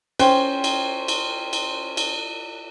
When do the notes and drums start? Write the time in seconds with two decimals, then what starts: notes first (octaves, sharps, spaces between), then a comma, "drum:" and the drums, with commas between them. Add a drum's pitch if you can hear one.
0.19 C#4 C5 G5, drum: cymbal
0.64 drum: cymbal
1.08 drum: cymbal
1.53 drum: cymbal
1.97 drum: cymbal